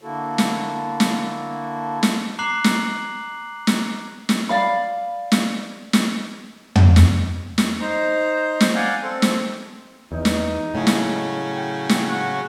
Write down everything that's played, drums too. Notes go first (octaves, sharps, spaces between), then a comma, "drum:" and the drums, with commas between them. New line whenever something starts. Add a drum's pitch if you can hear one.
D3 A#3 E4 F#4 A4
drum: snare
drum: snare
drum: snare
A#5 D6 F#6 C7 F#7
drum: snare
drum: snare
drum: snare
D5 F5 B5
drum: snare
drum: snare
drum: tom
drum: snare
drum: snare
D#4 C5 A#5
drum: snare
D5 F5 F#5 G#5 G6
C4 A4
drum: snare
E2 D#4
drum: snare
A2 C#3 F#3 C#4
drum: snare
G5
drum: snare
F#4